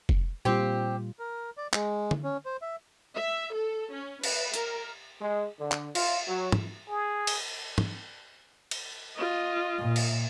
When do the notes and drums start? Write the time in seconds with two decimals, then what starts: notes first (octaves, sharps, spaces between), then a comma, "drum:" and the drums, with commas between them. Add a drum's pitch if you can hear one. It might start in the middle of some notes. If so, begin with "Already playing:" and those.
0.09 drum: kick
0.45 A#2 G3 C4 F4 G4
1.19 A#4
1.57 D5
1.73 G#3, drum: clap
2.11 drum: tom
2.24 C#4
2.45 C5
2.62 E5
3.15 E5
3.53 A4
3.93 C#4
4.24 B4, drum: cymbal
4.54 A#4, drum: hi-hat
5.21 G#3
5.60 D3
5.72 drum: clap
5.95 F4, drum: cymbal
6.28 F#3
6.52 drum: tom
6.89 G#4
7.27 drum: cymbal
7.78 drum: tom
8.71 drum: cymbal
9.17 F4 D#5
9.79 A#2
9.96 drum: cymbal